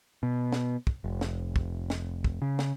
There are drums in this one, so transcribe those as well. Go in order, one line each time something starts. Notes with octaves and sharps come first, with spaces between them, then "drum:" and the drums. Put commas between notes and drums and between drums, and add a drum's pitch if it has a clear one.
B2
drum: snare
drum: kick
F1
drum: snare
drum: kick
drum: snare
drum: kick
C#3
drum: snare